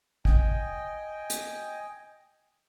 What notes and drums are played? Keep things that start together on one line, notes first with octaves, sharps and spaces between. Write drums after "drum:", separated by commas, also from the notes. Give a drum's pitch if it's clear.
D#5 G5 G#5, drum: kick
drum: hi-hat